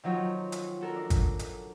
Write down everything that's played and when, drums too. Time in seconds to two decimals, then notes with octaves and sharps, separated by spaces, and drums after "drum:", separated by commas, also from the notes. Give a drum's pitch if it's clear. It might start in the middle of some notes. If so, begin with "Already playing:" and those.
0.04 D#3 F3 F#3 F#4 C#5
0.52 drum: hi-hat
0.81 F#4 A4 A#4
0.96 D4
1.10 drum: kick G#1, hi-hat
1.39 drum: hi-hat